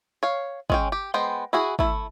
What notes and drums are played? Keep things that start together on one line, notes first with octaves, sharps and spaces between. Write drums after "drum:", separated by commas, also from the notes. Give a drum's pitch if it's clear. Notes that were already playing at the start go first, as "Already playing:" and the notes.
C#5 F5
G#3 C#4 G5, drum: kick
G4
G#3 B3 C5 G5
E4 F#4 G#4
A3 E4, drum: kick